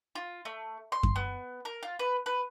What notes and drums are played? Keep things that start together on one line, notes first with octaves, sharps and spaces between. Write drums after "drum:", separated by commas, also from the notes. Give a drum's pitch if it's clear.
F4
A3
C6
drum: kick F#2
B3
A#4
F4
B4
B4